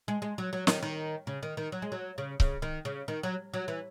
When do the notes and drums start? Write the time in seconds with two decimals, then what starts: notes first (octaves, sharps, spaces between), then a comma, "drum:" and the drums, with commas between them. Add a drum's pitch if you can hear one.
0.08 G#3
0.22 G#3
0.38 F#3
0.53 F#3
0.67 D#3, drum: snare
0.83 D#3
1.27 C#3
1.43 D#3
1.57 D#3
1.72 F#3
1.82 G#3
1.92 F#3
2.18 C#3
2.40 C#3, drum: kick C#1
2.62 D#3
2.85 C#3
3.08 D#3
3.23 F#3
3.54 F#3
3.68 E3